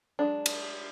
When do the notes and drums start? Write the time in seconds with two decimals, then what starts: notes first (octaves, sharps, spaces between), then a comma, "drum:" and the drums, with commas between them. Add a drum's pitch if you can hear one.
0.19 F#3 G#3 D4
0.46 drum: cymbal